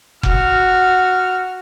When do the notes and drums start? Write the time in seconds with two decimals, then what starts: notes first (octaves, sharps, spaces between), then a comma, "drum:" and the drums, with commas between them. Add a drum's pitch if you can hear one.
0.23 F#4 F6, drum: kick F1